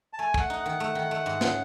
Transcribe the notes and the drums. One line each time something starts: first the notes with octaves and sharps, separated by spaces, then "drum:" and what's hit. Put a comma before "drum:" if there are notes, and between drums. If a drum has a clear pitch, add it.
A5
A3 G#5
A3, drum: kick
F#5
D#4
F#5
D#3
A3
D#3
A3
G#2
C#3, drum: snare